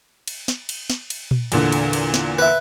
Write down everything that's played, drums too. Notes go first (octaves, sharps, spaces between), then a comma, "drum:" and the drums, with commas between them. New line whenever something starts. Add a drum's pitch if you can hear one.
drum: cymbal
drum: snare
drum: cymbal
drum: snare
drum: cymbal
drum: tom A#2
E2 A#2 D3, drum: cymbal
drum: cymbal
drum: cymbal
drum: snare
B4 E5